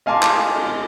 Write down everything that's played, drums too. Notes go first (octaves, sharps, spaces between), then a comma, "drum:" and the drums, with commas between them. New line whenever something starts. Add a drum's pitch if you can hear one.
D#5 F5 G#5 A5 C6 D6, drum: cymbal
drum: clap
drum: cymbal
drum: cymbal